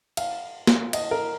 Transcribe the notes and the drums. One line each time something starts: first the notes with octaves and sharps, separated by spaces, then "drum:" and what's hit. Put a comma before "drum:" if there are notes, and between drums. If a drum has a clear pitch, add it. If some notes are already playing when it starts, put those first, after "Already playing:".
F5, drum: cymbal
drum: snare
D#5, drum: cymbal
A#4